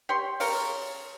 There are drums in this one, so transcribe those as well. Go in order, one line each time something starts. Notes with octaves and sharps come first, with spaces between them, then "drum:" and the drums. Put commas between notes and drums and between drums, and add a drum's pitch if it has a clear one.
G4 C#5 C6
C#3 A#4 C#5 F5, drum: open hi-hat